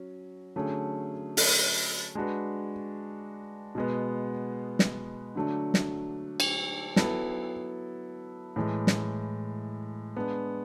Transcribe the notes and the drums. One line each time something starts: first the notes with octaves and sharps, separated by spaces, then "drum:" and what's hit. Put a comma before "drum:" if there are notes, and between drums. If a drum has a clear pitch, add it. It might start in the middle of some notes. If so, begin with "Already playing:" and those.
Already playing: F#3 C#4
D3 F#3 A3 C#4 G#4
drum: open hi-hat
G#3 D4 F#4 B4
B2 G#3 B3
drum: snare
D3 F#3 A3 D4
drum: snare
drum: cymbal
F#3 B3 E4 A4, drum: snare
A2 E3 G#3
drum: snare
G#3 B3 D4